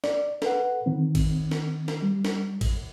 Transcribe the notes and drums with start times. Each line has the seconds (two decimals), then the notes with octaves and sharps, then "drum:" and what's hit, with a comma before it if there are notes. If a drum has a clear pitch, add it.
0.04 D5, drum: snare
0.42 A4 B4 F#5, drum: snare
0.86 D#3 C4
1.15 drum: kick G#1, cymbal
1.51 drum: snare
1.88 drum: snare
2.02 G3
2.25 drum: snare
2.61 drum: kick G#1, cymbal